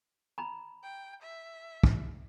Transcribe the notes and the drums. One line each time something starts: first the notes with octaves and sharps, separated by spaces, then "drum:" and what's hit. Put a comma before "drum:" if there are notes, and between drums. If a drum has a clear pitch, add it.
A#5 B5
G5
E5
drum: kick